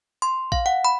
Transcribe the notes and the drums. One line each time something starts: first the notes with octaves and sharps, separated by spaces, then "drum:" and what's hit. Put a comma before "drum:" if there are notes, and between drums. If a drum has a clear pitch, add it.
C6
F5, drum: kick A#1
F#5
B5